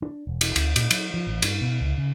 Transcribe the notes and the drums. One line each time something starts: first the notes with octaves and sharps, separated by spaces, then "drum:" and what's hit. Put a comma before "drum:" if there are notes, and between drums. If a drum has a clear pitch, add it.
D4
E1
drum: cymbal
D2, drum: cymbal
A#2, drum: cymbal
F#3, drum: cymbal
F3
A1
G2, drum: cymbal
B2
C#2
C#3